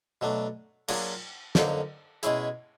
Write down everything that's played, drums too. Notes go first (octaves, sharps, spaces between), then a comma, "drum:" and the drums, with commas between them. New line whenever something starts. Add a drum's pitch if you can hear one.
B2 F#3 A3 D4
F#3 A#3 D4 F4 G#4, drum: cymbal
F2 D3 F#3 A#3 D#4, drum: snare
B2 G#3 C#4 E4 G#4, drum: hi-hat